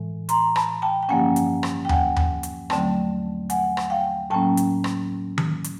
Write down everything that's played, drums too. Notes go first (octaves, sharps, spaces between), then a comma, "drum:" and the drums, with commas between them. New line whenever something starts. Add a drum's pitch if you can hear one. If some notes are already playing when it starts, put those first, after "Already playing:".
Already playing: A2 E3 G#3
A#5 C6, drum: hi-hat
A5 B5, drum: rim click
G5 A5
G5
G2 D3 F3 A#3 C#4 F#5 G#5
drum: hi-hat
drum: rim click
G5
F#5 G#5, drum: tom D#2
drum: tom D#2
drum: hi-hat
D#2 D3 F#3 A3 C4 G5 A5, drum: rim click
F#5 G#5, drum: hi-hat
drum: rim click
F5 G5
A2 F#3 A#3 C#4 G5 A5
drum: hi-hat
drum: rim click
drum: tom D#3
drum: hi-hat